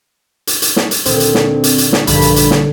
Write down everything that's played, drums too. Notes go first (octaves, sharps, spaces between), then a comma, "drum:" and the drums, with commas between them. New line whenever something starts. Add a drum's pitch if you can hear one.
drum: hi-hat
drum: hi-hat
drum: snare
drum: hi-hat
D2 A#2 D#3 C4, drum: hi-hat
drum: hi-hat
drum: snare
drum: hi-hat
drum: hi-hat
drum: snare
A#1 G2 D3 D#3 B5, drum: hi-hat
drum: hi-hat
drum: hi-hat
drum: snare